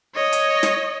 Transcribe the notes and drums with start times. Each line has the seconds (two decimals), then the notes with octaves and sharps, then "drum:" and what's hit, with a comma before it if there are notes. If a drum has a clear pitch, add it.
0.15 C#5 D#5
0.33 drum: hi-hat
0.63 drum: snare